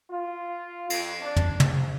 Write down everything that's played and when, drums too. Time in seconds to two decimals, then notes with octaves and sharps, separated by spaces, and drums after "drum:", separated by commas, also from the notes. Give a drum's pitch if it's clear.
0.10 F4
0.90 F2, drum: cymbal
1.22 D4
1.36 drum: tom
1.60 A#1, drum: tom